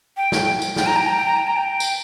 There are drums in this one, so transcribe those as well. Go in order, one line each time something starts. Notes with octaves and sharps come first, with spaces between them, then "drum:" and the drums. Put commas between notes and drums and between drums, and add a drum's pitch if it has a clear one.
G5
drum: snare
drum: tambourine
G5, drum: snare
A#5
G5
A#5
G5
A#5
G5
A#5
G5
drum: tambourine